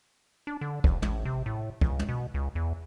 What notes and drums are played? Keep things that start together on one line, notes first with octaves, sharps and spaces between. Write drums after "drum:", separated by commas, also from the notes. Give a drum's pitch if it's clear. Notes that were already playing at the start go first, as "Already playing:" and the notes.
D4
D3
F1, drum: kick
A1, drum: tom
C3
A2
C#2, drum: kick
drum: tom
B2
C#2
E2